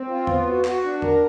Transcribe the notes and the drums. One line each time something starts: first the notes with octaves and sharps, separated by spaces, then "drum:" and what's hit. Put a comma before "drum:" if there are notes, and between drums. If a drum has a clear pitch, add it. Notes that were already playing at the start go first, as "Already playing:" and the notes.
Already playing: C4
F4
B3, drum: tom E2
F#4
F#4, drum: clap
D4
A#4, drum: tom E2